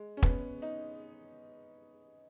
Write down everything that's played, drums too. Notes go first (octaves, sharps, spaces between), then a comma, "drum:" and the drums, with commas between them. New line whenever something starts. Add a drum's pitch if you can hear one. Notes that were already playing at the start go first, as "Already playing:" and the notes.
Already playing: G#3
C#4
B3, drum: kick
D#4